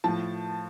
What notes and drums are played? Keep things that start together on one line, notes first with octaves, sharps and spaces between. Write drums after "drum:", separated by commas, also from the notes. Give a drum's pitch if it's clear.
A2 F3 A5, drum: tom F3